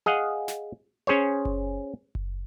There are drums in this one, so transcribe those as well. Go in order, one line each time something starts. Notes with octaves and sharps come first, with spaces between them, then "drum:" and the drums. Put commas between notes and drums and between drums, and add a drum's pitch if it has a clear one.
G#4 D#5 F5 F#5
drum: snare
C#4 G#4 C5 C#5
drum: kick F#1
drum: kick F#1